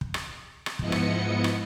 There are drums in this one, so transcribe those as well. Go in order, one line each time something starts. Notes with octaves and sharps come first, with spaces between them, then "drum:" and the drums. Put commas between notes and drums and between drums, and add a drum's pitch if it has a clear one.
drum: kick
drum: rim click
drum: rim click
G#2 F3 B3 E4 D#5 C#7, drum: kick
drum: rim click
drum: rim click